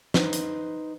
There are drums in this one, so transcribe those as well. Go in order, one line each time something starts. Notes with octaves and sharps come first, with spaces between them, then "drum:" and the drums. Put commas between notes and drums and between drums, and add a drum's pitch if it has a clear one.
D#4 B4 C5, drum: snare
drum: hi-hat